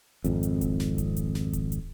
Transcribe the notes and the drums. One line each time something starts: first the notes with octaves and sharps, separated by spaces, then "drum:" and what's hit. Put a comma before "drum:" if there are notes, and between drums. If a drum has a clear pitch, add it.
G#1 F2, drum: hi-hat
drum: hi-hat
drum: kick D1, hi-hat
drum: snare
drum: kick D1, hi-hat
drum: hi-hat
drum: snare
drum: kick D1, hi-hat
drum: hi-hat